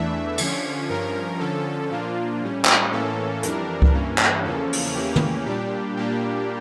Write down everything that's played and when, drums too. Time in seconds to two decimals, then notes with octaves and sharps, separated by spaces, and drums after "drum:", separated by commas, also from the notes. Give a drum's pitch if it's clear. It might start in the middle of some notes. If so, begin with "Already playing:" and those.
Already playing: E2 E3 A3 D4 E5
0.38 D3 F3 C#4, drum: cymbal
0.89 G2 F3 C#4 A#4
1.39 D3 F3 C#4 A4
1.91 A#2 F3 A#3 D4 F4
2.41 A2 G3 C#4
2.65 drum: clap
2.92 A2 E3 A#3 C#4 A4
3.43 F2 E3 G3 D4 A#4, drum: hi-hat
3.82 drum: kick C#2
3.93 G2 E3 A#3 C#4
4.18 drum: clap
4.44 E2 C#3 F3 A#3 C#4 A4
4.73 drum: open hi-hat
4.95 E2 E3 A#3 C#4 G4
5.16 drum: tom
5.46 A#2 G3 D4 G4
5.96 A#2 G3 A#3 D4 G4